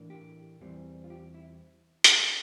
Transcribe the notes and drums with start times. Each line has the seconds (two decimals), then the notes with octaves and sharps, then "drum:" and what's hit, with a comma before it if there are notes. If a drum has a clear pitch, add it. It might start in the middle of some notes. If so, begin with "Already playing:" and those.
Already playing: A2 E3 A#3 D4
0.10 G4
0.60 E2 E3 G3 C4
1.04 F4
1.10 G4
1.34 E4
2.04 drum: hi-hat